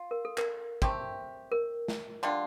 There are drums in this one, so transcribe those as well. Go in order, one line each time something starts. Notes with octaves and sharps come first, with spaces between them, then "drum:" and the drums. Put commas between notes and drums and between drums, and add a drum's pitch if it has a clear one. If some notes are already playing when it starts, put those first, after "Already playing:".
Already playing: F4
A#4
A4
A#4, drum: clap
A3 C4 G4, drum: kick
A#4
drum: snare
D3 G3 D4 F4